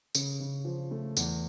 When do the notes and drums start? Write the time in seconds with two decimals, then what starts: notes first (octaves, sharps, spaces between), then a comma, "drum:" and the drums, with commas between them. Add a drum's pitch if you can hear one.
0.15 C#3, drum: tambourine
0.40 C#3
0.65 F3
0.91 A3
1.17 E2, drum: tambourine